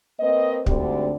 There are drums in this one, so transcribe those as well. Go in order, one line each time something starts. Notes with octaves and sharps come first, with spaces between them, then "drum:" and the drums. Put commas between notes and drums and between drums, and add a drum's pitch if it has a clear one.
A#3 C4 B4 D#5
D2 G#2 D3 G3 C4 D5, drum: kick